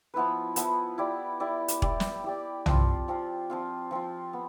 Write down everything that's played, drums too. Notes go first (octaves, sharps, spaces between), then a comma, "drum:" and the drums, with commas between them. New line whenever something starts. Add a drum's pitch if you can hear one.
F3 B3 E4 B4
F3 B3 E4 B4, drum: hi-hat
E4 G4 D5
E4 G4 D5
drum: hi-hat
E4 G4 D5, drum: kick E1
drum: snare
E4 G4 D5
F3 C4 F4, drum: tom
F3 C4 F4
F3 C4 F4
F3 C4 F4
B3